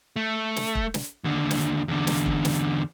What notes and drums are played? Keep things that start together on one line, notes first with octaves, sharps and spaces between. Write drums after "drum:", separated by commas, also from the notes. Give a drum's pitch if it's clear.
A3
drum: snare
drum: kick E1
drum: snare
D#2 D3
drum: snare
E2 D3
drum: snare
drum: kick E1
drum: snare